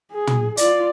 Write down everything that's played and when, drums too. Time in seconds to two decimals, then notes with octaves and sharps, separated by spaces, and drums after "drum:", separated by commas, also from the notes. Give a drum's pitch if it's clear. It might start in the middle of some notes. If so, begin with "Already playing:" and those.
0.12 G#4
0.27 drum: tom
0.57 F4 D5, drum: hi-hat